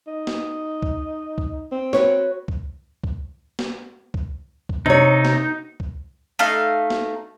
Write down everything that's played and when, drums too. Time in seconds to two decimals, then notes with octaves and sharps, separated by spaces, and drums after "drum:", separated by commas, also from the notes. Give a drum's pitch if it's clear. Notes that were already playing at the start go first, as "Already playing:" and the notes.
0.07 D#4
0.27 drum: snare
0.82 drum: kick C#2
1.38 drum: kick C#2
1.72 C4
1.93 F#4 B4 C#5, drum: snare
2.48 drum: kick C#2
3.04 drum: kick C#2
3.59 drum: snare
4.14 drum: kick C#2
4.69 drum: kick C#2
4.86 C3 D#4 C#5
5.25 drum: snare
5.80 drum: kick C#2
6.39 A3 D#4 F5
6.90 drum: snare